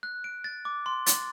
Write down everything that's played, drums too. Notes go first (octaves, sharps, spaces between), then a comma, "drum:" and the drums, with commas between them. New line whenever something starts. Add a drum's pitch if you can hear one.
F#6
D7
A6
D6
C6
A6, drum: hi-hat